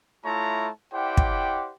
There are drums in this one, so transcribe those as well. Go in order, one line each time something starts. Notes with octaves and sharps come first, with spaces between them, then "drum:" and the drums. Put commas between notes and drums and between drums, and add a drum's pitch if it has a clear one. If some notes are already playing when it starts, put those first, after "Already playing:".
A3 E4 F4 C#5 A5 A#5
E4 G4 C5 D5 F#5 G5
drum: kick